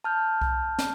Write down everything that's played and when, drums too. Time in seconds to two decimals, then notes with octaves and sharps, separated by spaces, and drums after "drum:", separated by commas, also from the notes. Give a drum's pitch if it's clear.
0.04 A5 F6 G6
0.41 drum: kick C2
0.79 drum: snare